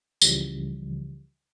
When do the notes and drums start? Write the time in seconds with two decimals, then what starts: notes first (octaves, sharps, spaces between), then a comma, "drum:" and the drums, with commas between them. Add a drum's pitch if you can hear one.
0.22 C#2 C#3 E3 F3 G3, drum: tambourine